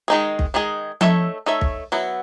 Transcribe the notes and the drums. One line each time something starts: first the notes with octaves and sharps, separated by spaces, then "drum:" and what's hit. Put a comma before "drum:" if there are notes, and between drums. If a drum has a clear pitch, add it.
D#3 G#3 D#4 G#4
drum: kick
D#3 G#3 D#4 G#4
A3 D#4 A4 C#5 E5, drum: tom F3
A3 D#4 A4 C#5 E5
drum: kick
F#3 B3 E4